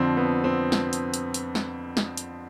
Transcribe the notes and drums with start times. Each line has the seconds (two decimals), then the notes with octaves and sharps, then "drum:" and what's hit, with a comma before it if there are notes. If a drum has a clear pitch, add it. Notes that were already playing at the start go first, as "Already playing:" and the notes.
Already playing: F2 D3 F3 C4
0.17 B3
0.44 C4
0.72 drum: snare
0.93 drum: hi-hat
1.14 drum: hi-hat
1.34 drum: hi-hat
1.55 drum: snare
1.97 drum: snare
2.17 drum: hi-hat